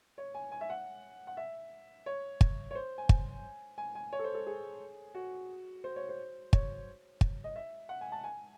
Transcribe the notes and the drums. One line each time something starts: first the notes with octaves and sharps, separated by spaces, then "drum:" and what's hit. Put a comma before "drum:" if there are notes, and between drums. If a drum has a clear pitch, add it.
C#5
G#5
G#5
E5
F#5
F#5
E5
C#5
drum: kick
C#5
C5
G#5
drum: kick
G#5
G#5
C#5
A4
C5
A4
G#4
F#4
C5
C#5
C5
C#5, drum: kick
drum: kick
D#5
E5
F#5
G#5
A5
G#5